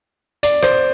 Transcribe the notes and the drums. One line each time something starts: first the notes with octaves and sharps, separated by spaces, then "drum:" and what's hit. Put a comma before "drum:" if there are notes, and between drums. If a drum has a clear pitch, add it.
D5, drum: hi-hat
C5, drum: rim click